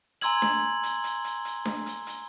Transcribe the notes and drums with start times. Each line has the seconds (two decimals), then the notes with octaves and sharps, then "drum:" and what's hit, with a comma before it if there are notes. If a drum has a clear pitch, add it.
0.21 G#5 A#5 C6 E6 G#6 F#7, drum: hi-hat
0.42 drum: snare D4
0.83 drum: hi-hat
1.04 drum: hi-hat
1.24 drum: hi-hat
1.45 drum: hi-hat
1.65 drum: snare D4
1.86 drum: hi-hat
2.07 drum: hi-hat